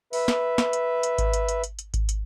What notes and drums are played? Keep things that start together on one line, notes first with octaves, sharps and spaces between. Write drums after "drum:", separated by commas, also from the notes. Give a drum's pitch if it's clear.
B4 E5, drum: open hi-hat
drum: snare
drum: snare
drum: hi-hat
drum: hi-hat
drum: kick G#1, hi-hat
drum: hi-hat
drum: hi-hat
drum: hi-hat
drum: hi-hat
drum: kick G#1, hi-hat
drum: hi-hat